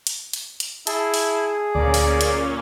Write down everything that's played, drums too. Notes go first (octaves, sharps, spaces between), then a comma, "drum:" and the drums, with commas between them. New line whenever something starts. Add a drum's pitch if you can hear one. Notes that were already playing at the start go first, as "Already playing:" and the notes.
drum: hi-hat
drum: hi-hat
drum: hi-hat
E4 G#4 A5, drum: hi-hat
drum: open hi-hat
D2 A#2 A#3 C#4 D5
drum: open hi-hat
drum: hi-hat